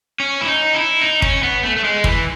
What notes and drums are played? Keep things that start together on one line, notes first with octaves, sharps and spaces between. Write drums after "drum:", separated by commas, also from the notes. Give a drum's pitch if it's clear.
C#4
E4
D#4
E4
D#4
C#4, drum: kick
B3
A3
A3
G#3
E3, drum: kick